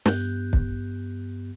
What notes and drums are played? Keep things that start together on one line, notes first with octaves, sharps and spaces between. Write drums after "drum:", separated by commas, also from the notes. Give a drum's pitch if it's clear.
G2 B3 G4 F#6 G6, drum: snare
drum: kick